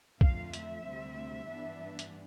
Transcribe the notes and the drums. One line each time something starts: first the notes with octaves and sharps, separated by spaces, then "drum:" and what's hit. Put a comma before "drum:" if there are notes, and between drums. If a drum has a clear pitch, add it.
F2 D3 F3 A3 F5, drum: kick
E5, drum: hi-hat
D2 C3 G3 C4
G2 E3 B3 D4
drum: hi-hat